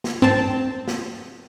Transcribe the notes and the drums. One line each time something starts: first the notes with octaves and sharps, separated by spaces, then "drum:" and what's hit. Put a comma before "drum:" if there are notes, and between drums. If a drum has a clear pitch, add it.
drum: snare
C4 A5, drum: tom G2
drum: snare